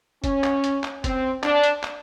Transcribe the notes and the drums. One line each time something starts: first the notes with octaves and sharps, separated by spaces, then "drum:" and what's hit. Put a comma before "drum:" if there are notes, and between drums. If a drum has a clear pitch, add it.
C#4, drum: kick, hi-hat
drum: clap
drum: hi-hat
drum: clap
C4, drum: kick, hi-hat
D4, drum: clap
drum: hi-hat
drum: clap